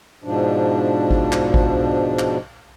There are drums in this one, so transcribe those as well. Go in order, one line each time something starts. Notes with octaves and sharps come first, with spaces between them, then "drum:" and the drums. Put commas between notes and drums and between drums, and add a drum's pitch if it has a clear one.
G#2 B2 F3 D4
drum: kick G#1
drum: clap
drum: kick G#1
drum: clap